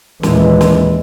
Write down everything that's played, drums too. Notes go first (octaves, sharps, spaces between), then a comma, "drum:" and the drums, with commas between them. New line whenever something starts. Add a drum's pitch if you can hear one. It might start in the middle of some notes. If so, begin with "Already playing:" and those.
D#2 A#2 E3 G#3, drum: snare
drum: snare